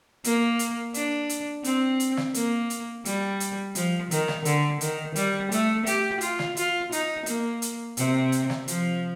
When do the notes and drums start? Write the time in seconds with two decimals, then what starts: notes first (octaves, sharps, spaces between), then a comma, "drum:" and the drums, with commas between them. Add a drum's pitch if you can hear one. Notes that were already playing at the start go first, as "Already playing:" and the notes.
0.24 A#3, drum: hi-hat
0.59 drum: hi-hat
0.94 D4, drum: hi-hat
1.29 drum: hi-hat
1.64 C4, drum: hi-hat
2.00 drum: hi-hat
2.17 drum: snare
2.34 A#3, drum: hi-hat
2.70 drum: hi-hat
3.05 G3, drum: hi-hat
3.40 drum: hi-hat
3.75 F3, drum: hi-hat
4.11 D#3, drum: hi-hat
4.28 drum: snare
4.45 D3, drum: hi-hat
4.81 D#3, drum: hi-hat
5.16 G3, drum: hi-hat
5.52 A3, drum: hi-hat
5.86 G4, drum: hi-hat
6.21 F4, drum: hi-hat
6.39 drum: snare
6.57 F4, drum: hi-hat
6.92 D#4, drum: hi-hat
7.26 A#3, drum: hi-hat
7.62 drum: hi-hat
7.97 C3, drum: hi-hat
8.32 drum: hi-hat
8.50 drum: snare
8.68 F3, drum: hi-hat